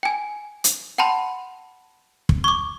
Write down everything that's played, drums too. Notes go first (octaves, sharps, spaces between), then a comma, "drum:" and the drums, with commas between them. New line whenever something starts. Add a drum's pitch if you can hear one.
G5 G#5
drum: hi-hat
F#5 G5 A5 B5 C6
drum: kick
C#6 D6